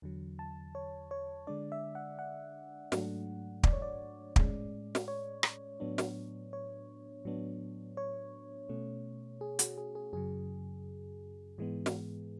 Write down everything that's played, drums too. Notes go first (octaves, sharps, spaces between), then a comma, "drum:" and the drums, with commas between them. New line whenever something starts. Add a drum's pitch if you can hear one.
E2 D3 F#3
A5
C#5
C#5
D3 G#3 D4 D5
E5
F#5
F#5
G#2 F#3 A3 D4, drum: snare
D5, drum: kick
C#5
D5
A2 G#3 C#4, drum: kick
drum: snare
C#5
drum: rim click
A2 F#3 B3 D4
drum: snare
C#5
A2 F#3 B3 D4
C#5
B2 A3 C#4
G#4
F#4, drum: hi-hat
G#4
G#4
F#2 C#3 F#3 G#4
G#2 E3 G#3 B3
drum: snare